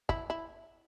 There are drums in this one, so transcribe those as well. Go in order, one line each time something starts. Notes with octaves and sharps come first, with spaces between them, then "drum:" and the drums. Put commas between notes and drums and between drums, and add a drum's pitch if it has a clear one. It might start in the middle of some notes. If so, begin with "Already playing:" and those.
E4, drum: kick
E4